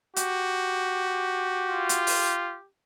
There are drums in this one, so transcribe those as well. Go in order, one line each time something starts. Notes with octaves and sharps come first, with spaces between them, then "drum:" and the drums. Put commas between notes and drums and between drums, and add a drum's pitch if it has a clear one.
F#4 G4, drum: hi-hat
F4
drum: hi-hat
drum: open hi-hat